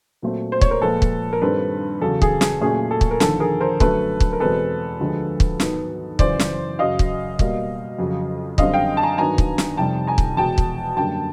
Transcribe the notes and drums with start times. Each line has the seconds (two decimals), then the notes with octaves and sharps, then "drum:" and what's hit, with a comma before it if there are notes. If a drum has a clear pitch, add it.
0.22 A#2 F#3 A3 C4
0.52 C5
0.61 C#5, drum: kick
0.70 A#4 C5
0.81 A#2 F3 G#3 A4 B4
1.02 drum: kick
1.33 A#4
1.42 G2 D#3 G3 C4 A4 B4
2.01 E2 C#3 F#3 A4
2.22 G#4, drum: kick
2.41 G#4, drum: snare
2.61 A#2 F#3 A3 C#4 G#4
2.91 A4
3.01 drum: kick
3.11 A#4
3.20 D#2 D3 F3 A4, drum: snare
3.40 G#4 A#4
3.61 A#4 C5
3.80 F#2 D3 F#3 A3 A4 B4, drum: kick
4.20 drum: kick
4.33 A#4
4.40 E2 B2 G#3 C4 A4 B4
5.00 D2 D3 F3 G#3
5.40 drum: kick
5.60 G#2 D#3 F#3 B3, drum: snare
6.19 F#2 C#3 E3 C5 D5, drum: kick
6.39 drum: snare
6.79 F#2 C#3 F#3 D#5 F5
6.99 drum: kick
7.39 B2 G3 A#3, drum: kick
7.98 F2 C#3 F#3
8.58 F#2 D3 G3 C4 D#5 F5, drum: kick
8.74 F5 G5
8.97 A5
9.03 G#5 A#5
9.18 G2 D#3 F#3 B3 G#5 A#5
9.38 drum: kick
9.58 drum: snare
9.77 F2 C3 D#3 G3 G5 A5
10.07 G#5 A#5
10.18 drum: kick
10.37 E2 B2 G#3 G5 A5
10.58 drum: kick
10.97 F#2 D3 G3 A#3 G5 A5